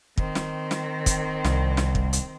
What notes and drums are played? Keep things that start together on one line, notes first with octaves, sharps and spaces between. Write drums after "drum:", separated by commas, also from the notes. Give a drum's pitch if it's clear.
D#3 C4, drum: kick
drum: snare
drum: snare
drum: kick, hi-hat
C2, drum: snare
drum: snare
drum: kick
drum: hi-hat